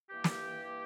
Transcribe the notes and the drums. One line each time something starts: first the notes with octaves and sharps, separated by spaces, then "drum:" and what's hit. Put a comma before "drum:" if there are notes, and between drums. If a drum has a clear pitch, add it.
G2 E3 A#3 G4
drum: snare